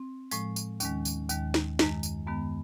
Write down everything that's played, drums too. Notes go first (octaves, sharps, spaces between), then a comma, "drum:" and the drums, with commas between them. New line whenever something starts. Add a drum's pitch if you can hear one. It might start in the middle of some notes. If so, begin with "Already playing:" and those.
Already playing: C4
A2 F3 G#3, drum: tambourine
drum: tambourine
D#2 D#3 G#3 C#4, drum: tambourine
drum: tambourine
D#2 D#3 G#3, drum: tambourine
drum: snare
F#2 D#3 G#3, drum: snare
drum: tambourine
F#2 D#3 G#3 B3